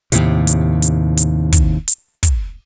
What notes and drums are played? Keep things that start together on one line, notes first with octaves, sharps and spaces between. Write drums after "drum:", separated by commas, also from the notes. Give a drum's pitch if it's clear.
D#2 A2 C3, drum: hi-hat
drum: hi-hat
drum: hi-hat
drum: hi-hat
drum: kick, hi-hat
drum: hi-hat
drum: kick, hi-hat